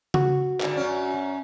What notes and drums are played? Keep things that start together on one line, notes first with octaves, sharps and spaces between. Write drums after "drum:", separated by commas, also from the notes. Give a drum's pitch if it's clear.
F#4, drum: tom C#3
G#2 D3, drum: clap
F#2 C#4